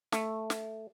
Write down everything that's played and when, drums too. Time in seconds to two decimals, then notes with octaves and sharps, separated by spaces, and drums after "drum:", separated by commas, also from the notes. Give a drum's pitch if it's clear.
0.12 A3, drum: snare
0.50 drum: snare